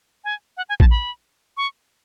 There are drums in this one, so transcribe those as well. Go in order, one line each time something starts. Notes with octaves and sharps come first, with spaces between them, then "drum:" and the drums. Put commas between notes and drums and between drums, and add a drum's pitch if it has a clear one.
G#5
F#5
G#5
A5, drum: kick
B5
C#6